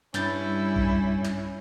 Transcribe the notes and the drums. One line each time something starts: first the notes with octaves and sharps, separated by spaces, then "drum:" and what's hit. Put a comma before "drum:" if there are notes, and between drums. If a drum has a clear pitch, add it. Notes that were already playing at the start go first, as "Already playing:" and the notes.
G2 G3 C#4 E4 G6 A6, drum: snare
drum: kick A#1
drum: snare